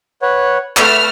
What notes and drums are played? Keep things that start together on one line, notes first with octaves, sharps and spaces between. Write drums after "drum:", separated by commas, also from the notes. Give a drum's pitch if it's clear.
B4 C#5 F#5
A3 B4 F6, drum: clap